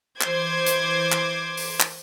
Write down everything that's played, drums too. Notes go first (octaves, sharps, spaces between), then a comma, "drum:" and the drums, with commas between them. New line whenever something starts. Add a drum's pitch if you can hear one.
E3 C5 D6 G#6, drum: clap
drum: hi-hat
drum: clap
drum: open hi-hat
drum: clap